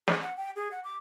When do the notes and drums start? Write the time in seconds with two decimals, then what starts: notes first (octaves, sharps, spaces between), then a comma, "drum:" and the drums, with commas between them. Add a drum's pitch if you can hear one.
0.08 G#4, drum: snare
0.21 F#5
0.37 G5
0.56 G#4
0.71 F#5
0.84 D6